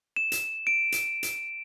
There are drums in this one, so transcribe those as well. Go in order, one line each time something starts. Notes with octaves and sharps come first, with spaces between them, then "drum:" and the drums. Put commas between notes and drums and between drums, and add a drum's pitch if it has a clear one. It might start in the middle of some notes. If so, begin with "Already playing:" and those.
E7
drum: hi-hat
D7
drum: hi-hat
drum: hi-hat